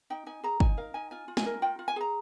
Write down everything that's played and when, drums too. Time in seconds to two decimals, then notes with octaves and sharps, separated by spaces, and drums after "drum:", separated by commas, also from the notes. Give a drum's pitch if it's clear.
0.10 D#4 G5
0.26 D#4 G#5
0.43 G#4 A#5
0.60 D#4 G#5, drum: kick
0.77 A#4 F5
0.94 D#4 G#5
1.11 F4 G#5
1.28 F4
1.37 G#5, drum: snare
1.46 A#4
1.62 F4 G5
1.79 F4
1.88 G#5
1.96 G#4 A#5